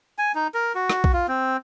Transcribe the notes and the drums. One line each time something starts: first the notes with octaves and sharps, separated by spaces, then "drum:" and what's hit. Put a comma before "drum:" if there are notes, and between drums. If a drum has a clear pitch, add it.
G#5
D#4
A#4
F#4
drum: rim click
drum: kick
F4
C4